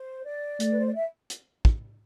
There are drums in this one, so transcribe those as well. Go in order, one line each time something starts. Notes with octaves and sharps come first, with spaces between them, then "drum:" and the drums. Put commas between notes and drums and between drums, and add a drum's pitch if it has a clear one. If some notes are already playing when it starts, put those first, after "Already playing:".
Already playing: C5
D5
A3, drum: hi-hat
B4
C5
D5
E5
drum: hi-hat
drum: kick